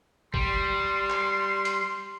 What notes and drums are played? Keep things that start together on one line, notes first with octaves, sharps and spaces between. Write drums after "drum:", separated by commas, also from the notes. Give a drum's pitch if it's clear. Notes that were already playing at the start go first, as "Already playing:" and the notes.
G3 C6, drum: kick
drum: clap
drum: hi-hat